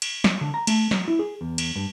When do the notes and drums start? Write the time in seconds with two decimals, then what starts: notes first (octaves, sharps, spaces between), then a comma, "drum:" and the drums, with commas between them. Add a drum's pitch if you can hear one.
0.02 drum: cymbal
0.24 drum: snare
0.41 D3
0.54 A#5
0.67 A3, drum: cymbal
0.91 F#3, drum: snare
1.08 E4
1.19 G#4
1.41 E2
1.58 drum: cymbal
1.76 G2